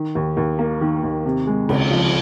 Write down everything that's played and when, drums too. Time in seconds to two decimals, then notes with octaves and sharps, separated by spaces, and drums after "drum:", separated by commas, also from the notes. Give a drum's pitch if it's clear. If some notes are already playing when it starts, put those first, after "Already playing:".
Already playing: D#3
0.15 D#2
0.37 D#2
0.59 A#3
0.81 D#3
1.03 D#2
1.25 C3
1.47 G#3
1.69 C#2, drum: cymbal
1.90 F3